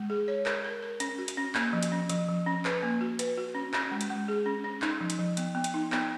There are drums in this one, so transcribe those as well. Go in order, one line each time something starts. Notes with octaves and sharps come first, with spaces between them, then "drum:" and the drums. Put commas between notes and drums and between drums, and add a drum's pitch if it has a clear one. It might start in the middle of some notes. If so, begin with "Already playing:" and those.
Already playing: G#3
G#4
C#5
A#4, drum: clap
A#4
A#4
C#4, drum: hi-hat
F#4
drum: hi-hat
C#4
A#3, drum: clap
F3
drum: hi-hat
C#4
F3, drum: hi-hat
F3
C#4
B4, drum: clap
A#3
F#4
B4, drum: hi-hat
F#4
C#4
C#4, drum: clap
G#3
drum: hi-hat
G#3
G#4
C#4
C#4
D#4, drum: clap
F3
drum: hi-hat
F3
B3, drum: hi-hat
B3
drum: hi-hat
D#4
B3, drum: clap